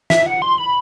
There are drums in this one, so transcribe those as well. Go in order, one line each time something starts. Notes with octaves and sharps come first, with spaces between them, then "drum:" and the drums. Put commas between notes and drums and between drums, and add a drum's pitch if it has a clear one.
E5, drum: snare
F#5
C6
B5